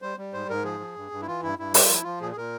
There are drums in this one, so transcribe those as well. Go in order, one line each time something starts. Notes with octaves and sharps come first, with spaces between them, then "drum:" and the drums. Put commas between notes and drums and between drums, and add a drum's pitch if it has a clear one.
G3 C5
G3
G#2 C5
G#2 A#4
F3 G#4
F3
G2
G2
E4
E3 F4
G2 E4
G2 E4
G3 G4, drum: open hi-hat
F4
F3 E4
F3 F4
A#2 G#4
G#4
A#2 A#4